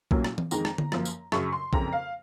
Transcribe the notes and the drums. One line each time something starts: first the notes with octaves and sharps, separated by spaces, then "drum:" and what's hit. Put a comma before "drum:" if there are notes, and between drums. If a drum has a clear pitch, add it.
C2 A#2 F#3 A#3 C#4, drum: kick A#1
drum: rim click
drum: tom E3
F2 D#3 G#3 A#5, drum: tambourine
drum: rim click
drum: tom D3
F#2 F3 A#3, drum: rim click
drum: tambourine
F#2 C#3 F#3 C#6, drum: rim click
C6
F#1 F2 C#3 A#5, drum: kick A#1
F5